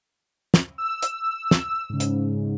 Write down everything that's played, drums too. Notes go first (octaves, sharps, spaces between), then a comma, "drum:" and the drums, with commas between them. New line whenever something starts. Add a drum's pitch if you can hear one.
drum: snare
E6
drum: hi-hat
drum: snare
G#2 C#3
drum: hi-hat